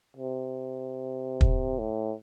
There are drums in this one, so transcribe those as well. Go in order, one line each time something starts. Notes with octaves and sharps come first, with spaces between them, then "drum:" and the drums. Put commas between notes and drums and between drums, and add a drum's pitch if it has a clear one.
C3
drum: kick
A2